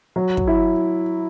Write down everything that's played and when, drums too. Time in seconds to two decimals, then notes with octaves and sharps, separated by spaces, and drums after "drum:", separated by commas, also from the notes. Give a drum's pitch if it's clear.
0.16 F#3
0.37 drum: kick
0.47 E4